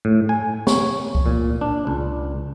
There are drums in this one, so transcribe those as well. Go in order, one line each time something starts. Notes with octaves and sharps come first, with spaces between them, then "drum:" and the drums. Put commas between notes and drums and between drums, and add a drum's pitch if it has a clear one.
A2
G#5
C#5, drum: snare
drum: kick C#2
A#2
D4
C#2